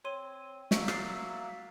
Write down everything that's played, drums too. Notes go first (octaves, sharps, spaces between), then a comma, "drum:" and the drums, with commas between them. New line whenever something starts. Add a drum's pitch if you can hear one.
C4 C#5 C6 D#7
F#3 A#3 E5 C#6, drum: snare
A6 C7, drum: rim click